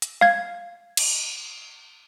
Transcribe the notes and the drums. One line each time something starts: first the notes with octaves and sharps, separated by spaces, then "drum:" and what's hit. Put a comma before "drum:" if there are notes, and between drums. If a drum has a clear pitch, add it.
drum: hi-hat
F5 G#6
drum: cymbal